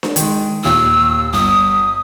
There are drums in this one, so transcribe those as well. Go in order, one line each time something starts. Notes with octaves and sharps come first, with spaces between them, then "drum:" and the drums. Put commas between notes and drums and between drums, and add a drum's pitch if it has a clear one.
drum: snare D4
D#3 G#3, drum: hi-hat
D#2 A#2 E6
G1 D#6